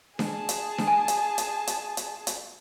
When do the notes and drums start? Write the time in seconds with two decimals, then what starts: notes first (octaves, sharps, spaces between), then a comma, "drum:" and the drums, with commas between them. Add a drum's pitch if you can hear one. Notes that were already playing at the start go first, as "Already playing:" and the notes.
0.19 G#4 A5, drum: snare D4
0.49 drum: hi-hat
0.78 drum: snare D4
0.88 G#5
1.08 drum: hi-hat
1.38 drum: hi-hat
1.67 drum: hi-hat
1.97 drum: hi-hat
2.27 drum: hi-hat